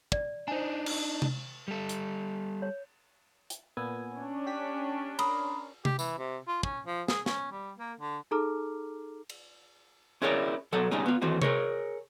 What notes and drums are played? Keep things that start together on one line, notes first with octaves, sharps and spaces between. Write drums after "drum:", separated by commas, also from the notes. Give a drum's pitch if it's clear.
D5, drum: kick
D4 D#4 C5 G#5
drum: cymbal
drum: tom C3
G3 A4
drum: hi-hat
C#5
drum: hi-hat
A#2 B3 G#5 E6
C#4 D4
G4 B6
A#4 B5 C6 D#6, drum: cymbal
G4, drum: tom C3
E3, drum: tambourine
C3
F4
C#4, drum: kick
F3
G#4, drum: snare
C#4, drum: snare
G3
A#3
D3
D#4 G#4 A4 A#5 D6 F6
drum: cymbal
C#4 E4 G#4 A#4 C#5 D5
B1 F#3 A4 F#5 A#5
C3 G3 A3 C#4 D#4 G#4
B3 F4
D#2 E3 A3 C4 F#4
G#4 A#4 C#5, drum: tom C3